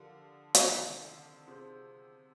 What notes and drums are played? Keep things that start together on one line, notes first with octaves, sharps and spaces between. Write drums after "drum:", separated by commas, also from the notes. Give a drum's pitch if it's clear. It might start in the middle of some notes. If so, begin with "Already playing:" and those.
Already playing: D3 F3 G4 A#4 F5
C3 D#3, drum: hi-hat
D3
C3 F4 G#4 C5